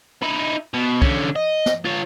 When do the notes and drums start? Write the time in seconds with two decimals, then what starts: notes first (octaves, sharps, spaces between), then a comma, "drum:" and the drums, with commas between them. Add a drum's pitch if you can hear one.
0.23 D#4 E4
0.74 B2
1.02 D3 C#4, drum: kick
1.36 D#5
1.66 drum: snare
1.85 F4 C#5